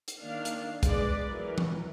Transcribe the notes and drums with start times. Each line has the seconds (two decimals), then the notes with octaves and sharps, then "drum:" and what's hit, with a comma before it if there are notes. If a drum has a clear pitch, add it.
0.08 drum: hi-hat
0.19 D#3 A#3 D4 F5
0.45 drum: hi-hat
0.83 G#3 B3 G#4 B4 D5, drum: kick, hi-hat
1.29 E3 F#3 A#4 B4
1.58 drum: tom E3